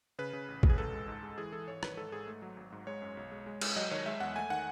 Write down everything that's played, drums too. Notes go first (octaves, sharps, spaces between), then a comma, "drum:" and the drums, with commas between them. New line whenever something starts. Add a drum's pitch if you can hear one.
C#3 B4
C#3
A1
A1, drum: kick
G#4
C#2 A4
G#3
G#2
G#3
E3 G#4
E3 A4
G#1 C#5
D#3 B4, drum: rim click
G#2 A4
G#2 G#4
A3
F#3
G#1
G#2
G#3 C#5
F#2
B1
G#3
G#3
G#3, drum: cymbal
F#3 D#5
D#3 C#5
G#3 E5
E2 F#5
A3 G#5
D#3 F#5